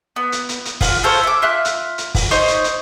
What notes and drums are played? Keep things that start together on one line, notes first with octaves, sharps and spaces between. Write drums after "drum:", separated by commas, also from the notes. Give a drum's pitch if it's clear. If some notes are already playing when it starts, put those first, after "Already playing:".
B3
drum: hi-hat
drum: hi-hat
drum: hi-hat
F4 F#5, drum: kick, open hi-hat
F4 A4 C5 C#5
E5 D6
F4 E5 F#6
drum: hi-hat
drum: hi-hat
drum: kick, open hi-hat
D#4 C5 C#5, drum: hi-hat
drum: hi-hat
drum: hi-hat